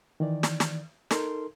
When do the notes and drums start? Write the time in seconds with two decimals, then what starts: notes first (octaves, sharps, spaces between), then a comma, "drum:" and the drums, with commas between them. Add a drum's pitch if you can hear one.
0.20 D#3 E3 D5
0.43 drum: snare
0.60 drum: snare
1.11 D#4 A4 A#4 C6, drum: snare